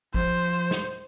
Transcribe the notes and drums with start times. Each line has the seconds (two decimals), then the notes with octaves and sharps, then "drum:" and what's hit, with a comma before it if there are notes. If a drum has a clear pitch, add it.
0.14 F3 C5, drum: kick
0.71 drum: snare